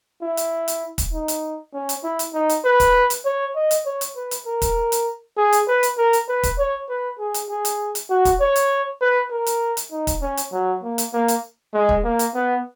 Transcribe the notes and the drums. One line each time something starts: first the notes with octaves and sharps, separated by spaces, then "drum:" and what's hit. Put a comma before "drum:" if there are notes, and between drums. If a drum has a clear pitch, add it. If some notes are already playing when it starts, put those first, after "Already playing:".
E4
drum: hi-hat
drum: hi-hat
drum: kick, hi-hat
D#4
drum: hi-hat
C#4
drum: hi-hat
E4
drum: hi-hat
D#4
drum: hi-hat
B4
drum: kick, hi-hat
drum: hi-hat
C#5
D#5
drum: hi-hat
C#5
drum: hi-hat
B4
drum: hi-hat
A#4
drum: kick, hi-hat
drum: hi-hat
G#4
drum: hi-hat
B4
drum: hi-hat
A#4
drum: hi-hat
B4
drum: kick, hi-hat
C#5
B4
G#4
drum: hi-hat
G#4
drum: hi-hat
drum: hi-hat
F#4
drum: kick, hi-hat
C#5
drum: hi-hat
B4
A#4
drum: hi-hat
drum: hi-hat
D#4
drum: kick, hi-hat
C#4
drum: hi-hat
F#3
A#3
drum: hi-hat
A#3
drum: hi-hat
G#3
drum: kick
A#3
drum: hi-hat
B3